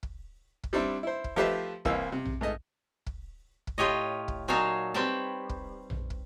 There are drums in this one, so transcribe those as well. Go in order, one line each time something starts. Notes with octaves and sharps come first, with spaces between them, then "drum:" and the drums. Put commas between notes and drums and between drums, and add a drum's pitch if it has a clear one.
drum: kick
drum: kick
G3 C4 D4 E4
E4 C5
drum: kick
F3 A3 G4 B4 C5 E5
C2 E3 A#3 C4 F5 E6, drum: kick
C3
drum: tom A#1
G#2 A3 D#5
drum: kick
drum: kick
A2 F4 G4 C#5 D#5
drum: kick
A#2 F#3 D#4 C#5 F5 A5
G3 C4 B4 C#5 G5 A5
drum: kick
drum: tom A#1
drum: kick